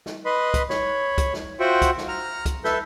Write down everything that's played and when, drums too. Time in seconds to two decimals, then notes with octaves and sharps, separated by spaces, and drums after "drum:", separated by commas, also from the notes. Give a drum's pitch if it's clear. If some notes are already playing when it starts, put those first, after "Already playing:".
0.06 drum: snare
0.25 B4 D#5 B5 C6
0.54 drum: kick, hi-hat
0.70 C#5 B5, drum: snare
1.18 drum: kick, hi-hat
1.34 drum: snare
1.60 F4 F#4 C5 E5 F#5 G5
1.82 drum: kick, hi-hat
1.98 drum: snare
2.08 A#5 F6
2.46 drum: kick, hi-hat
2.64 A4 B4 E5 G6, drum: snare